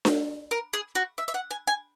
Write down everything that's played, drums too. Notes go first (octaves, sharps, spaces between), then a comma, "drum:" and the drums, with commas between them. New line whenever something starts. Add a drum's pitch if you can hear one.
drum: snare D4
A#4
G#4
F#4
E5
E5
F#5
G#5
G#5